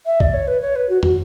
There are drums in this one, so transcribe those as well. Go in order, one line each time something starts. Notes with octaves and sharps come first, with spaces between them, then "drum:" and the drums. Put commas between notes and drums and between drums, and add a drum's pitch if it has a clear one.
E5
D5, drum: kick B1
C#5
B4
C#5
B4
F#4
F#4, drum: tom